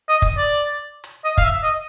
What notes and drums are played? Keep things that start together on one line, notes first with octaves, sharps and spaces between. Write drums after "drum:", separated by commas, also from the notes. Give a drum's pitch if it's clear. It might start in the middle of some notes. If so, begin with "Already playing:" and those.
D#5
drum: kick
D5
drum: hi-hat
D#5
F5, drum: kick
E5
D#5